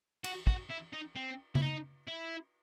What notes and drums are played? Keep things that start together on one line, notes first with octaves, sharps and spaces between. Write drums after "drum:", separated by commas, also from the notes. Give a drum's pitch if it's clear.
F#4, drum: cymbal
F#4, drum: kick
E4
D#4
C4
E4, drum: tom C#3
D#4
E4